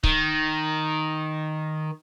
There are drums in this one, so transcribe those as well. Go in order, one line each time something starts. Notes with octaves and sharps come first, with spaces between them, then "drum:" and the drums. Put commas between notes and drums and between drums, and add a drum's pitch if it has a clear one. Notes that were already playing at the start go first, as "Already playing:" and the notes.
D#3, drum: kick C#1